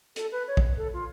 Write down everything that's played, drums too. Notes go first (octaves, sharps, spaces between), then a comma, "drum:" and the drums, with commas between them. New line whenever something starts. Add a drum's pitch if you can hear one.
A4, drum: hi-hat
B4
C#5
drum: kick
A4
F4